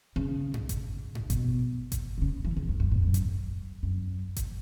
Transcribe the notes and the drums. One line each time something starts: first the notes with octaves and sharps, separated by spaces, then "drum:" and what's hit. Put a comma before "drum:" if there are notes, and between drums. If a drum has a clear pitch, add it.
C#3
drum: tom G2
drum: kick G1, hi-hat
drum: tom G2
B2, drum: kick G1, hi-hat
drum: kick G1, hi-hat
B2
C#3
E3
C#3
E2
F#2
G#2
F#2
drum: kick G1, hi-hat
F#2
drum: kick G1, hi-hat